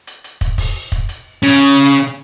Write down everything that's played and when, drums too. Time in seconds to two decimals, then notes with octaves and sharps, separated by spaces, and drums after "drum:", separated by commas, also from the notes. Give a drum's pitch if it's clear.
0.07 drum: hi-hat
0.24 drum: hi-hat
0.41 drum: kick, hi-hat
0.58 drum: kick, open hi-hat
0.92 drum: kick, hi-hat
1.09 drum: hi-hat
1.43 C#3
1.60 drum: hi-hat
1.76 drum: hi-hat
1.93 drum: hi-hat